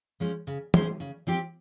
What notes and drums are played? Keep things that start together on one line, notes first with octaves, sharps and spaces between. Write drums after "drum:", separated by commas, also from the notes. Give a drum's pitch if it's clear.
F3 G#3 C#4
C#3
G#3 C#4 G#4 C5, drum: tom
C#3
F3 C4 G4